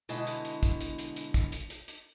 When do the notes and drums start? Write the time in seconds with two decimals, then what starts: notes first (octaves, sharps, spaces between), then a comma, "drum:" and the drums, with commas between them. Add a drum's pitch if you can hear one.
0.09 B2 D3 G#3 E4 F#5 A5
0.27 drum: hi-hat
0.45 drum: hi-hat
0.63 drum: kick, hi-hat
0.81 drum: hi-hat
0.98 drum: hi-hat
1.16 drum: hi-hat
1.34 drum: kick, hi-hat
1.52 drum: hi-hat
1.70 drum: hi-hat
1.88 drum: hi-hat